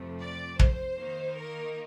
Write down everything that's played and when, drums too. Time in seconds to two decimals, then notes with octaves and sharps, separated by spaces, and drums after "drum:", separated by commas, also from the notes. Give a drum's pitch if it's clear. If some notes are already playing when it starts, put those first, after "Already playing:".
Already playing: F2 C3 F3 A3
0.20 D5
0.59 C5, drum: kick
0.98 D#3 A#3 D#4
1.37 A#4